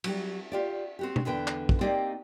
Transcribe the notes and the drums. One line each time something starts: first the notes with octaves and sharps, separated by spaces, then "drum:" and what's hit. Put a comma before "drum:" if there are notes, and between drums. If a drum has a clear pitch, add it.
F#3 G3 G4, drum: cymbal
F4 G4 D5
C4 F#4 G4
drum: tom B2
E2 D3 B4 G5
drum: clap
drum: kick
A#3 C4 D#4 G4 D5 G5